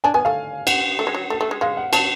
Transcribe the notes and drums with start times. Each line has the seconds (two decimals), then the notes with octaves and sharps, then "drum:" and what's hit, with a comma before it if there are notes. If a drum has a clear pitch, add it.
0.04 D4 G#5
0.14 B3 G#5
0.25 A3 F5
0.67 F#5, drum: cymbal
0.99 A3
1.07 G#3
1.15 F#3
1.30 A3
1.41 A3
1.51 G#3
1.61 G#3 F5
1.77 F#5
1.93 F#3 A5, drum: cymbal